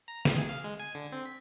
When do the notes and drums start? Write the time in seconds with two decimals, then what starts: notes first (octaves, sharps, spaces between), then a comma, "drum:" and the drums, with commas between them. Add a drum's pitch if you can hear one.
0.08 A#5
0.25 A#1, drum: snare
0.37 G#4
0.49 F5
0.64 G#3
0.80 G#5
0.95 D3
1.12 C4
1.25 B6